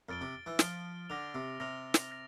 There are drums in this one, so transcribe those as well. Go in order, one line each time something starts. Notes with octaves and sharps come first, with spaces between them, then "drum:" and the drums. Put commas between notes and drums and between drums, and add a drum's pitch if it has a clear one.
F2 F6 A6 D7 G7
C3
E3
F3 F6 A6 D7 G7, drum: snare
D3 F6 A#6 F7
C3
C3 F6 A#6 F7
drum: snare
F6 A#6